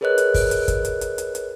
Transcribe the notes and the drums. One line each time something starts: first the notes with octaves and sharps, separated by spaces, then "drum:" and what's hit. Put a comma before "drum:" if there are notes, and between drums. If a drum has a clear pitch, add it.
G#4 A#4 B4 C#5 D#5 F#6
drum: hi-hat
drum: kick, open hi-hat
drum: hi-hat
drum: kick, hi-hat
drum: hi-hat
drum: hi-hat
drum: hi-hat
drum: hi-hat